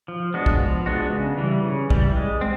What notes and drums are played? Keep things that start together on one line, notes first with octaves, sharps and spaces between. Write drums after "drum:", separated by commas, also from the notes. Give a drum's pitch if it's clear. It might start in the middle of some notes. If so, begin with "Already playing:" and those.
F3
G#3 B3 D4 F#4
drum: kick
F3
G#3 B3 D4 F#4
C#3
E3 G3
C#3
E3 G3, drum: kick
G#3
C4